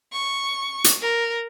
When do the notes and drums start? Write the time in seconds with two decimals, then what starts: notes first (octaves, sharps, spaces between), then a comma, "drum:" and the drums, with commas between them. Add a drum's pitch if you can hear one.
0.13 C#6
0.84 drum: hi-hat
1.01 A#4